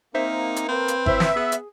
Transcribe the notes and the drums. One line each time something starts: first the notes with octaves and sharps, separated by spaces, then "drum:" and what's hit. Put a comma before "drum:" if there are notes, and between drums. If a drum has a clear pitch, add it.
A#3 C4 D#4 C5 E5
drum: hi-hat
C4 B4
drum: hi-hat
E4 C5 C#5 E5, drum: kick G#1
drum: snare
B3 G#4
drum: hi-hat